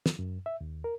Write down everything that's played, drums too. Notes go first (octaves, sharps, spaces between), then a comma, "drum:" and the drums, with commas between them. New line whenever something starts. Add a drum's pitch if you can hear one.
drum: snare
F#2
E5
D#2
A#4